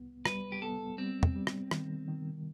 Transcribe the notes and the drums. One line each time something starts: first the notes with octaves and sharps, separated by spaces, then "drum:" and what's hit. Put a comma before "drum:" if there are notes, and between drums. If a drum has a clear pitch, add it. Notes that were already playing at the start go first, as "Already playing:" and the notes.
Already playing: C2 B3
G3 B4, drum: rim click
G4
B3 A4
G3 C4
drum: tom
G3
drum: rim click
D#3, drum: rim click
D#3